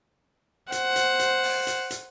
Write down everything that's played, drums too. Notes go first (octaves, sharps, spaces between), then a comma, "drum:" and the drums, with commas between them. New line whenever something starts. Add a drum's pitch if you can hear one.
C5 F#5, drum: hi-hat
drum: hi-hat
drum: hi-hat
drum: open hi-hat
drum: hi-hat
drum: hi-hat